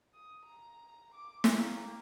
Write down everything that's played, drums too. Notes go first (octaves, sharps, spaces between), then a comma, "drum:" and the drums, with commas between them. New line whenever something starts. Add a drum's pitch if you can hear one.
D#6
A#5
D6
drum: snare
A#3 G5